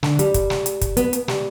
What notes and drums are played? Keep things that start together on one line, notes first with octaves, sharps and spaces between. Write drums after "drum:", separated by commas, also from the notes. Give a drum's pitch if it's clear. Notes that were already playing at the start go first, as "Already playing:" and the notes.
D3, drum: snare
G3, drum: hi-hat
drum: kick, hi-hat
drum: snare
drum: hi-hat
drum: kick, hi-hat
B3, drum: hi-hat
drum: hi-hat
G3, drum: snare